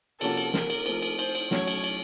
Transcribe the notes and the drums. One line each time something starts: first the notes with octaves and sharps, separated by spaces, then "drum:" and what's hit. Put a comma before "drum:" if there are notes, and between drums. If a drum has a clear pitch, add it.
C3 F3 A#3 C#4 F#4 A4, drum: cymbal
drum: cymbal
A#4, drum: snare
drum: cymbal
F3 A3 C4, drum: cymbal
drum: cymbal
C5, drum: cymbal
drum: cymbal
F#3 A3 C#4 C#5, drum: snare
drum: cymbal
drum: cymbal